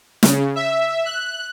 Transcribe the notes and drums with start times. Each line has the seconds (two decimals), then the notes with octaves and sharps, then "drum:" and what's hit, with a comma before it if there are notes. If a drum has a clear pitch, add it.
0.23 C#3, drum: snare
0.56 E5
1.05 F#6